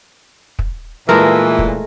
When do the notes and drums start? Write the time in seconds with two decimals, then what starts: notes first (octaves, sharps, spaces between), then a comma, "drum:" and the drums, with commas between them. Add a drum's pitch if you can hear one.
0.59 drum: kick
1.09 A#2 E3 G#3 A3 A#4
1.59 drum: kick